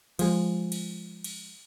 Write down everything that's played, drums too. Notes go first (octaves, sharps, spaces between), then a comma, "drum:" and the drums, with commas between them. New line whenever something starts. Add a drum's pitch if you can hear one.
F3 G#3, drum: cymbal
drum: cymbal
drum: cymbal